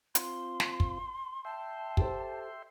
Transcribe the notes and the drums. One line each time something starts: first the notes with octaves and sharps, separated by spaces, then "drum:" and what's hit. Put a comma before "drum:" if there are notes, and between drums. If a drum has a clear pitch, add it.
C4 F4 C6, drum: hi-hat
drum: snare
drum: kick
E5 G5 A5 C6
G4 A4 C5, drum: kick